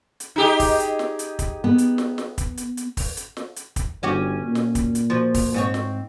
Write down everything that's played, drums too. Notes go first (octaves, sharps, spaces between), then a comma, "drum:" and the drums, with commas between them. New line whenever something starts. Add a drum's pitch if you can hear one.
drum: hi-hat
D#4 G4 G#4
drum: kick, open hi-hat
drum: hi-hat
drum: snare
drum: hi-hat
drum: kick, hi-hat
B3
drum: hi-hat
drum: snare
drum: snare
drum: kick, hi-hat
drum: hi-hat
drum: hi-hat
drum: kick, open hi-hat
drum: hi-hat
drum: snare
drum: hi-hat
drum: kick, hi-hat
G1 C#4 F#4 G4
A#2
drum: snare
drum: kick, hi-hat
drum: hi-hat
F3 F#4
drum: kick, open hi-hat
G#2 C4 C#5
drum: snare